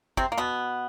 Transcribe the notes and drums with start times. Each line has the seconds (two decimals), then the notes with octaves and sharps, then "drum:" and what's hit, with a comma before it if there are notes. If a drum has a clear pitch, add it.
0.17 C3 C4, drum: kick
0.32 A#3
0.38 B2 B3